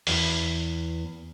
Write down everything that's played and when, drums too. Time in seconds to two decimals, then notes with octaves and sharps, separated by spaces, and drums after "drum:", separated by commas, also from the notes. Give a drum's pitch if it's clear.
0.07 E2 E4 E5, drum: open hi-hat